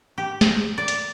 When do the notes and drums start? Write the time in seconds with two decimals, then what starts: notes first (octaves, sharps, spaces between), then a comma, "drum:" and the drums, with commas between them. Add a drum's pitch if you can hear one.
0.18 G4
0.41 drum: snare
0.78 D5
0.88 drum: hi-hat